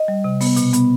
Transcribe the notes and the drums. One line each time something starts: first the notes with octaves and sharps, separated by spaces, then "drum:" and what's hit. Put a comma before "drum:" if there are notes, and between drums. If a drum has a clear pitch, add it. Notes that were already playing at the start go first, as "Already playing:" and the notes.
Already playing: D#5
G3
C3
B3, drum: open hi-hat
B2, drum: hi-hat
B3, drum: hi-hat